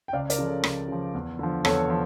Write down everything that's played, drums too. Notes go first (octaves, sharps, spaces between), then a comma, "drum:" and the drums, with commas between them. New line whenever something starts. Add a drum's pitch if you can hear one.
G5
C#2 D5 F5
A#4 D5, drum: hi-hat
C#3 F3
A4 C#5
C#2, drum: rim click
C#3 F3
E2
D3 F3
E2 A4 C#5, drum: rim click
F3